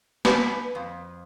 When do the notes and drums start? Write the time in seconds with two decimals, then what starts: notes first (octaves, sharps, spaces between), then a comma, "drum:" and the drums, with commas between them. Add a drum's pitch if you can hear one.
0.25 B4, drum: snare
0.75 F2